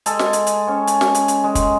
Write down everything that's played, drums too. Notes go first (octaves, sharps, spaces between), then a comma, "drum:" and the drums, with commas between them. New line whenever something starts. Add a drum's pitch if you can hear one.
G#3 A4 G#5, drum: hi-hat
drum: snare
drum: hi-hat
drum: hi-hat
C#4 C#5
drum: hi-hat
drum: snare
drum: hi-hat
drum: hi-hat
G#3
drum: kick, hi-hat